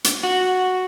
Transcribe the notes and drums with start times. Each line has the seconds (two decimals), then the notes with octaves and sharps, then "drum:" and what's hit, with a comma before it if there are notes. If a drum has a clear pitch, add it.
0.04 drum: hi-hat
0.23 F#4